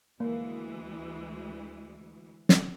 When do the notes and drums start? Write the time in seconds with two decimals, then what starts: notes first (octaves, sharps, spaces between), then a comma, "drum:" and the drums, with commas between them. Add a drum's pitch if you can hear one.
0.20 D2 E3 G#3 A#3
2.49 drum: snare